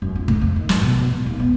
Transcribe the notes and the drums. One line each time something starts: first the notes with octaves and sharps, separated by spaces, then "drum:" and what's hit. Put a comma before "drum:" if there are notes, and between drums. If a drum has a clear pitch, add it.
F#2
F4
A3, drum: kick
F2
D#3
G#2, drum: snare
B2
B2
A#2
D#2
B3